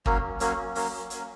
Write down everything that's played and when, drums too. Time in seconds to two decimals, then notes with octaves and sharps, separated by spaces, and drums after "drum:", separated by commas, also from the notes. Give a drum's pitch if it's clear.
0.06 F#3 A#3 C#4, drum: kick
0.40 F#3 A#3 C#4, drum: hi-hat
0.75 F#3 A#3 C#4, drum: open hi-hat
1.10 F#3 A#3 C#4, drum: hi-hat